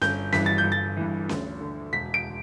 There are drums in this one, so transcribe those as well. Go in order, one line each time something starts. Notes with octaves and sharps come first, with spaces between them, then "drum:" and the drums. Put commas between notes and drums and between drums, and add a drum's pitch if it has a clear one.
G1 G6, drum: snare C#4
G2 E3 B6, drum: snare C#4
A6
G6
G1
A6
G2 E3
D2, drum: snare C#4
D3
E1 B6
D7